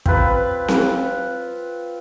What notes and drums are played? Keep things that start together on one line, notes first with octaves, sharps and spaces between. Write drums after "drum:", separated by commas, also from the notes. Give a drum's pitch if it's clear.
C4 F4 B4, drum: kick
drum: snare C4